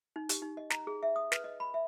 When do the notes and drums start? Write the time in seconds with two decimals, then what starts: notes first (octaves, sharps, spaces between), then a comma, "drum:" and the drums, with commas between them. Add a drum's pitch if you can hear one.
0.16 D#4
0.29 G4, drum: hi-hat
0.42 D#4
0.57 D#5
0.70 A#5, drum: snare
0.87 G#4
1.03 E5
1.16 D#6
1.32 B4, drum: snare
1.44 D#5
1.60 B5
1.74 E5